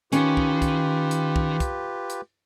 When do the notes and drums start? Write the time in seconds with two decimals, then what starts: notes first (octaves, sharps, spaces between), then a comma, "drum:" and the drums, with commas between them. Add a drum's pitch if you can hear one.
0.12 D#3 C#4 F4 G4 B4, drum: hi-hat
0.37 drum: kick
0.62 drum: kick, hi-hat
1.11 drum: hi-hat
1.36 drum: kick
1.60 drum: kick, hi-hat
2.10 drum: hi-hat